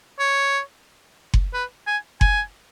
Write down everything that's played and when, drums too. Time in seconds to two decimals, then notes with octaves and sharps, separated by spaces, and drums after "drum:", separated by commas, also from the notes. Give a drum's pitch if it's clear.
0.19 C#5
1.34 drum: kick F#1
1.54 B4
1.87 G#5
2.21 G#5, drum: kick F#1